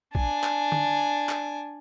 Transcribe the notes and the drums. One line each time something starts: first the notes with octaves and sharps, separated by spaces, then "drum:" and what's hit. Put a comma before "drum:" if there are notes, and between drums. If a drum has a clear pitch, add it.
D4 G#5, drum: kick A#1
drum: clap
drum: tom D3
drum: clap